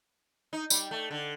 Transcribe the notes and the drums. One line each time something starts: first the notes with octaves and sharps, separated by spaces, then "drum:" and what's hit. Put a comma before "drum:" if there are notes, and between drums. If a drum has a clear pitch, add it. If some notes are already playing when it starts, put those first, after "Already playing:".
D#4
G3, drum: tambourine
A3
D3